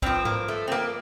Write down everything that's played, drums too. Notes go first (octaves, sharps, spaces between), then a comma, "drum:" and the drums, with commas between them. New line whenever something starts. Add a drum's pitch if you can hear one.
G2 F3 C4, drum: kick
A#3, drum: tom G#2
A3
C4
A#3